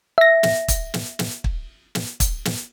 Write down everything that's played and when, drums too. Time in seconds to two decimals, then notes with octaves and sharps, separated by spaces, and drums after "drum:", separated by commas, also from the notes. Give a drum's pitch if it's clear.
0.18 E5 A#6
0.43 drum: snare
0.68 drum: kick, hi-hat
0.94 drum: snare
1.19 drum: snare
1.44 drum: kick
1.95 drum: snare
2.20 drum: kick, hi-hat
2.45 drum: snare